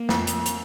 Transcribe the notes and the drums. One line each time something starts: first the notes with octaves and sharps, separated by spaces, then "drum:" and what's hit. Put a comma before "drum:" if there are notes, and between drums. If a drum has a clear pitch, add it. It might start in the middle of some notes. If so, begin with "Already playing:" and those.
Already playing: A#3
F2, drum: snare
drum: hi-hat
drum: hi-hat